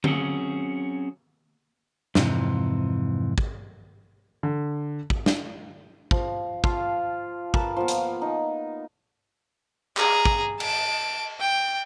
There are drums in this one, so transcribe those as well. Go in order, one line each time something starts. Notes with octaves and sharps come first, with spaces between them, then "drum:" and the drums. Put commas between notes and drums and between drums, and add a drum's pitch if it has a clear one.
F#3 C4 C#4 F#4 G#4, drum: tom D3
F2 G#2 C3 E3, drum: snare
drum: kick
D3
drum: kick
drum: snare
F3, drum: kick
F4 F5 A5, drum: kick
A#4 B4 A5, drum: kick
F3 A#3 B3
drum: hi-hat
D#4
G#4 A#5, drum: clap
drum: kick
A5 D7, drum: cymbal
G5